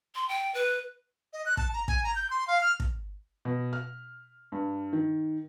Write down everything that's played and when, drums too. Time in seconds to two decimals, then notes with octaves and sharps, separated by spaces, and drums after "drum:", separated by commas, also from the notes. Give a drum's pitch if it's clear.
0.15 C6
0.29 G5
0.54 B4
1.33 D#5
1.46 F#6
1.57 A5, drum: kick
1.74 A#5
1.88 G#5, drum: kick
2.04 A#5
2.15 G6
2.30 C6
2.48 F5
2.61 F6
2.80 drum: kick
3.45 B2
3.73 F6
4.52 G2
4.93 D#3